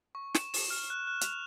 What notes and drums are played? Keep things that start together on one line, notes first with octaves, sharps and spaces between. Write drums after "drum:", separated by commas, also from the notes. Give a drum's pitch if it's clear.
C#6
E7, drum: snare
E7, drum: open hi-hat
F6
F#6
F#6
F7, drum: hi-hat